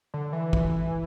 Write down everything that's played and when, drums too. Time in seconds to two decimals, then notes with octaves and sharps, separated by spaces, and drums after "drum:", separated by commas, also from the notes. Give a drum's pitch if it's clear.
0.14 D3
0.33 E3
0.53 drum: kick